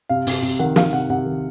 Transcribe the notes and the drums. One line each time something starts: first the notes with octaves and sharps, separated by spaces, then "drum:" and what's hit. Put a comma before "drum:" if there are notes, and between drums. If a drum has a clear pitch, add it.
C3 F5
C3, drum: open hi-hat
C3
D#3 F#5
D#3 F5, drum: snare
C3 F#5
C3 F#5
D#3